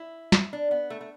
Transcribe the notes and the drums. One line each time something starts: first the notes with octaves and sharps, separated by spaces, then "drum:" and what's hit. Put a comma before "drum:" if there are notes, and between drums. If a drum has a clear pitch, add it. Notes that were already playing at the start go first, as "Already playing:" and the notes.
Already playing: E4
drum: snare
D4
B3
A3
A3